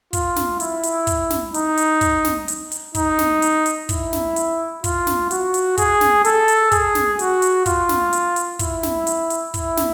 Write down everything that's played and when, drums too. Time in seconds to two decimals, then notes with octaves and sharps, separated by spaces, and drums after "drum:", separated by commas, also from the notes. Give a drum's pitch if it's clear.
0.13 F4, drum: kick, hi-hat
0.36 drum: snare
0.60 E4, drum: hi-hat
0.83 drum: hi-hat
1.07 drum: kick, hi-hat
1.30 drum: snare
1.54 D#4, drum: hi-hat
1.77 drum: hi-hat
2.01 drum: kick, hi-hat
2.25 drum: snare
2.48 drum: hi-hat
2.72 drum: hi-hat
2.95 D#4, drum: kick, hi-hat
3.19 drum: snare
3.42 drum: hi-hat
3.66 drum: hi-hat
3.89 E4, drum: kick, hi-hat
4.13 drum: snare
4.36 drum: hi-hat
4.84 F4, drum: kick, hi-hat
5.07 drum: snare
5.31 F#4, drum: hi-hat
5.54 drum: hi-hat
5.77 G#4, drum: kick, hi-hat
6.01 drum: snare
6.25 A4, drum: hi-hat
6.48 drum: hi-hat
6.72 G#4, drum: kick, hi-hat
6.95 drum: snare
7.19 F#4, drum: hi-hat
7.42 drum: hi-hat
7.66 F4, drum: kick, hi-hat
7.89 drum: snare
8.13 drum: hi-hat
8.36 drum: hi-hat
8.59 E4, drum: kick, hi-hat
8.83 drum: snare
9.07 drum: hi-hat
9.30 drum: hi-hat
9.54 E4, drum: kick, hi-hat
9.77 drum: snare